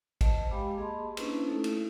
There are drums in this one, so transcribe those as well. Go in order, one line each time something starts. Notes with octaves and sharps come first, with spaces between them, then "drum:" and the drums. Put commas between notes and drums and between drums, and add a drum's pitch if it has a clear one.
C5 D#5 A5, drum: kick G#1, cymbal
G#3 G4 F5 G5 B5 D6
A#3 G#4 D#5 A5 B5 C6
A#3 C#4 D4 E4 B4 C5, drum: cymbal
A3 D#4 E4 A4
drum: cymbal